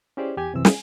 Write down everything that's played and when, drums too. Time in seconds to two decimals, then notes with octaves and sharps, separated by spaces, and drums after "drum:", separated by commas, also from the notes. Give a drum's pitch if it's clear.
0.17 C#4 E4 G4 G#4 C5 D5
0.37 E2 G4 G#5 G#6
0.53 C2 F#2 C3 E3 C4 E6
0.65 G#5, drum: snare